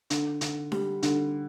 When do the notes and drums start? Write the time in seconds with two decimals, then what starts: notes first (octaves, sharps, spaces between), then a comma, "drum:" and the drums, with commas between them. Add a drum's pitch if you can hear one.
0.10 D3, drum: hi-hat
0.41 D3, drum: hi-hat
0.72 G3, drum: snare D4
1.03 D3, drum: hi-hat